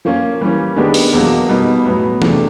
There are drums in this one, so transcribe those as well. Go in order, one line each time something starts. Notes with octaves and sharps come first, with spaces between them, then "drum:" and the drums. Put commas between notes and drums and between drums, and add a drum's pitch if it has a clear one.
F3 A#3 C#4 F4
E3 G3 A#3 C#4
D#3 G#3 B3 D4 G4
drum: open hi-hat
E2 B2 F#3 A#3
B2 G3 B3 D#4
A2 F#3 B3
E2 C3 F3 A3 D4, drum: tom E3